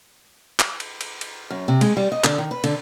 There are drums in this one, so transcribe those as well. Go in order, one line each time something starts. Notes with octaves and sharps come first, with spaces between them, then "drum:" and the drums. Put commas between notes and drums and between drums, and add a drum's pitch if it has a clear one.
drum: clap
drum: cymbal
drum: cymbal
drum: cymbal
F#2
C3
G#3, drum: cymbal
G3
D#5
D3, drum: clap
D#3
B4
D3, drum: cymbal